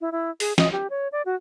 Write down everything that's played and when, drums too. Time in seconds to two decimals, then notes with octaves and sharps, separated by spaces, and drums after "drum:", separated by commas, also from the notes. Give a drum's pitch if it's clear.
0.01 E4
0.12 E4
0.40 G#4, drum: open hi-hat
0.58 D#5, drum: snare
0.72 G4
0.90 C#5
1.12 D5
1.25 F#4